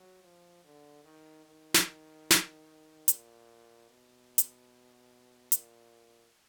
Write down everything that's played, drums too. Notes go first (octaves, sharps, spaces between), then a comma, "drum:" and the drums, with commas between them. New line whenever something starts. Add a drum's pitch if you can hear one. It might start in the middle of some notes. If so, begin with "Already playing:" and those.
Already playing: F#3
F3
D3
D#3
D#3
drum: snare
drum: snare
A#2, drum: hi-hat
B2
drum: hi-hat
A#2, drum: hi-hat